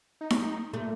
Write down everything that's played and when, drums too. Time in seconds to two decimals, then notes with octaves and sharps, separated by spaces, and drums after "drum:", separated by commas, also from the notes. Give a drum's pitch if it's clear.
0.21 D#4
0.30 drum: snare D#4
0.74 A#2 A3